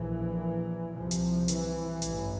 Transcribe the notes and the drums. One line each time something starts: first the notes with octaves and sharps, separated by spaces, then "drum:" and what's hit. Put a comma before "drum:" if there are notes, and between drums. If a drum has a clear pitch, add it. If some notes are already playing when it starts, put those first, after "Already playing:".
Already playing: A#1 A#2 E3
C2 C3 F3
drum: hi-hat
E3, drum: hi-hat
A1 G2, drum: hi-hat